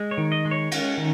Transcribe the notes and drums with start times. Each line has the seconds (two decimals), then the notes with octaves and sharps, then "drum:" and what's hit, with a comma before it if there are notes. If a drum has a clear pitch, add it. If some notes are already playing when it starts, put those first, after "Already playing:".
Already playing: G#3
0.11 C#5
0.18 D#3
0.32 D#5
0.45 G#3
0.51 C#5
0.71 C#4, drum: cymbal
0.97 D#3